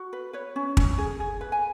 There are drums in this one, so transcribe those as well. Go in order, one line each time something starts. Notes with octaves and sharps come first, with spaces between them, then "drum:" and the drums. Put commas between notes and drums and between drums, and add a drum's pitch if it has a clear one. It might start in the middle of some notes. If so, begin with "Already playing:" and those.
Already playing: F#4
B4
B4 C#5
C#4
C#4, drum: kick
G#4
G#4
B4
G#5